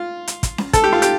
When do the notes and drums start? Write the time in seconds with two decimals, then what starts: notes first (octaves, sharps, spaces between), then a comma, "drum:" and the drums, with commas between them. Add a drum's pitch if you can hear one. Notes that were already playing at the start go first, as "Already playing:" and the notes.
Already playing: F4
0.28 drum: hi-hat
0.43 drum: kick, hi-hat
0.58 drum: snare C#4
0.73 A4, drum: kick, hi-hat
0.84 G4
0.93 F4
1.02 G4, drum: hi-hat